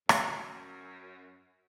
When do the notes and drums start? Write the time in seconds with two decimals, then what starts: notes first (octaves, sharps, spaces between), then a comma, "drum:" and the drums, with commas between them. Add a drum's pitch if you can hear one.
0.09 F#2, drum: rim click